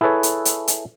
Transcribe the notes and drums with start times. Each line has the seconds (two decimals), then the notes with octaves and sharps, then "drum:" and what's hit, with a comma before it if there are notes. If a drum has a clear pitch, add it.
0.01 E4 G#4 A4 B4 C#5
0.23 drum: hi-hat
0.45 drum: hi-hat
0.68 drum: hi-hat